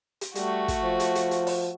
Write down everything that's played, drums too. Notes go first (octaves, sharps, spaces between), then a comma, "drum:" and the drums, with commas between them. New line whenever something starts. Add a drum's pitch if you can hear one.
drum: hi-hat
G3 A3 F#4, drum: hi-hat
drum: kick, hi-hat
F3
drum: hi-hat
drum: hi-hat
drum: hi-hat
drum: open hi-hat